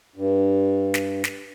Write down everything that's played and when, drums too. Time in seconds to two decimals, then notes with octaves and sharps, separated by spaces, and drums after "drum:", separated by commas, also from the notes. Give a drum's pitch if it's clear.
0.16 G2
0.94 drum: snare
1.24 drum: snare